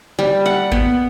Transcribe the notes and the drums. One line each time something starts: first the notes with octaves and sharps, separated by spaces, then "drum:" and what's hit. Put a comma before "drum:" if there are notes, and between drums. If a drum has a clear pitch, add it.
G3
F#5
B3, drum: kick G#1